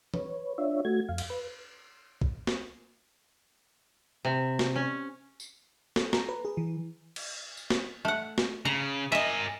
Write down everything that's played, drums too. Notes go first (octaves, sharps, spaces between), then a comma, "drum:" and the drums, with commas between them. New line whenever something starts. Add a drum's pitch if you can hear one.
B4 C#5, drum: tom
D4 F4 C#5 E5
A3 F#4 G#6
F2 F5
drum: cymbal
B4
drum: kick
drum: snare
C3
drum: snare
C#4
drum: tambourine
A4, drum: snare
A#5, drum: snare
B4
G#4
E3
drum: cymbal
drum: tambourine
drum: snare
A3 F#5
drum: snare
C#3 A#5
A#4 D#5 E5 G#5